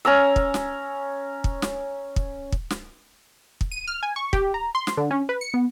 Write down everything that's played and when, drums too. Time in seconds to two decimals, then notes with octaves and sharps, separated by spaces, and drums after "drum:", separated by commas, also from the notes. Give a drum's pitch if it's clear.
0.05 C#4 A#5 E6
0.36 drum: kick
0.54 drum: snare
1.44 drum: kick
1.62 drum: snare
2.16 drum: kick
2.52 drum: kick
2.70 drum: snare
3.61 drum: kick
3.72 D#7
3.87 F6
4.03 G#5
4.16 C#6
4.33 G4, drum: kick
4.54 A#5
4.75 C6
4.87 drum: snare
4.97 D3
5.11 C#4
5.29 B4
5.41 C#7
5.54 B3